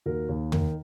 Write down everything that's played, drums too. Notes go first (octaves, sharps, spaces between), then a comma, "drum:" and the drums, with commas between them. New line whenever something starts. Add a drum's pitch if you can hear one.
D#2 F#4 A#4
D#2
D#3, drum: tom